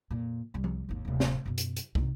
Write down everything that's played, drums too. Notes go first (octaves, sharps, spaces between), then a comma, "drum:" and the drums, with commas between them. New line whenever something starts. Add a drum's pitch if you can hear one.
F2 A#2
C2 G3
drum: tom F3
G#1 D#2
D1 C3
drum: snare
F#2 B2
drum: hi-hat
drum: hi-hat
C3 D#3, drum: kick